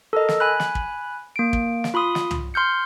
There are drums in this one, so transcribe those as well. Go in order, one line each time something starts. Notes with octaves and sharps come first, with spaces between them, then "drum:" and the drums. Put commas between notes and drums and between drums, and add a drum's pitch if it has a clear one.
A4 A#4 D#5
drum: snare
G#5 B5 F#6
drum: snare
drum: kick
A#3 D7
drum: kick
drum: snare
F4 B5 C6 D#6
drum: snare
drum: tom
C6 F6 G6 C#7